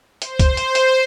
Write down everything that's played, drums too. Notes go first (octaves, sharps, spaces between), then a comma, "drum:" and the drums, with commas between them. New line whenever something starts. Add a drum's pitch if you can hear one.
C5, drum: hi-hat
drum: kick C#2, hi-hat
drum: hi-hat
drum: hi-hat